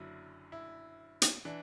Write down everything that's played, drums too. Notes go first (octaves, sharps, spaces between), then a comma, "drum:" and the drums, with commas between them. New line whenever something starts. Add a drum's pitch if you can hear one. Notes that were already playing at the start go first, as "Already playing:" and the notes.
Already playing: F#1 F#2 D3 F#3 E4
E4
drum: hi-hat
E3 D4